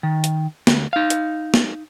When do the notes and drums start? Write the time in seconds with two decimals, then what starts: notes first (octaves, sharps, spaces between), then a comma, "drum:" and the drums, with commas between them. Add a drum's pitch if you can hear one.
0.03 D#3
0.24 drum: hi-hat
0.67 D2, drum: snare
0.93 D#4 F5
1.10 drum: hi-hat
1.54 drum: snare